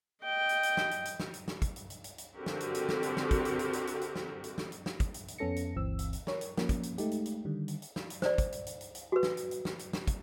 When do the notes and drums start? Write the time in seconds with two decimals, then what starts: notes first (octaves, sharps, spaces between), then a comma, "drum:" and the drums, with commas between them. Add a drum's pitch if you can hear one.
0.23 D#5 G5
0.49 drum: hi-hat
0.63 drum: hi-hat
0.77 drum: snare
0.91 drum: hi-hat
1.05 drum: hi-hat
1.20 drum: snare
1.34 drum: hi-hat
1.48 drum: snare
1.62 drum: kick, hi-hat
1.76 drum: hi-hat
1.90 drum: hi-hat
2.04 drum: hi-hat
2.18 drum: hi-hat
2.35 D3 C4 F#4 G4 A#4
2.46 drum: snare
2.60 drum: hi-hat
2.75 drum: hi-hat
2.89 drum: snare
3.03 drum: hi-hat
3.17 drum: snare
3.31 drum: kick, hi-hat
3.45 drum: hi-hat
3.59 drum: hi-hat
3.73 drum: hi-hat
3.87 drum: hi-hat
4.01 drum: hi-hat
4.16 drum: snare
4.44 drum: hi-hat
4.58 drum: snare
4.72 drum: hi-hat
4.86 drum: snare
5.00 drum: kick, hi-hat
5.14 drum: hi-hat
5.28 drum: hi-hat
5.38 F2 B3 C#4 A4 A#6 C#7
5.56 drum: hi-hat
5.76 G1 D2 E3 C4 E6
5.99 drum: hi-hat
6.13 drum: hi-hat
6.27 A#4 C#5, drum: snare
6.41 drum: hi-hat
6.57 F3 A#3 C#4, drum: snare
6.69 drum: kick, hi-hat
6.83 drum: hi-hat
6.98 G#3 A3 D#4 G4, drum: hi-hat
7.12 drum: hi-hat
7.26 drum: hi-hat
7.45 D3 D#3 G3
7.68 drum: hi-hat
7.82 drum: hi-hat
7.96 drum: snare
8.10 drum: hi-hat
8.22 C5 D5, drum: snare
8.38 drum: kick, hi-hat
8.52 drum: hi-hat
8.67 drum: hi-hat
8.81 drum: hi-hat
8.95 drum: hi-hat
9.12 F#4 B4
9.23 drum: snare
9.37 drum: hi-hat
9.51 drum: hi-hat
9.65 drum: snare
9.79 drum: hi-hat
9.93 drum: snare
10.07 drum: kick, hi-hat